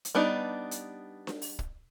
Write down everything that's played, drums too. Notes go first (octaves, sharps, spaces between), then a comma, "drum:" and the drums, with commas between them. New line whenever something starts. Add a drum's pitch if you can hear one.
drum: hi-hat
G3 B3 D4 D#4
drum: hi-hat
drum: snare D4
drum: open hi-hat
drum: kick